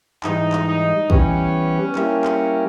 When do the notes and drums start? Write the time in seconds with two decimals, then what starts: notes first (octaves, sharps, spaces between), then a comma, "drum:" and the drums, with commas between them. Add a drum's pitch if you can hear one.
0.24 G#2 E3 G3 D#4, drum: clap
0.52 drum: clap
0.67 D#4
1.10 E3 G3 B3 C#4 G4 B4, drum: kick
1.95 G3 A#3 E4 G4 A#4, drum: clap
2.24 drum: clap